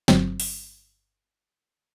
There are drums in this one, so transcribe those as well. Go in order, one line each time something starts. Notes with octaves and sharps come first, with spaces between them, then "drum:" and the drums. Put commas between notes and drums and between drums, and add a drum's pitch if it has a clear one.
G1 F#3 C4, drum: snare
drum: open hi-hat